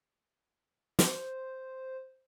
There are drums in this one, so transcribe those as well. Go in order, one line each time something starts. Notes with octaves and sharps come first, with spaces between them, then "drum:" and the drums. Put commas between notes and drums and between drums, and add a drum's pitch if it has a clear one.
C5, drum: snare